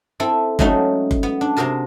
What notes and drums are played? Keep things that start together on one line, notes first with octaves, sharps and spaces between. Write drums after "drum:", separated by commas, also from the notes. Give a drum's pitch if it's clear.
C4 E4 A4
F#3 G#3 A3 C#4 D#4 F#4, drum: kick F#1
drum: kick F#1
B3
D4
C3 F#4 G#4 A#4 A5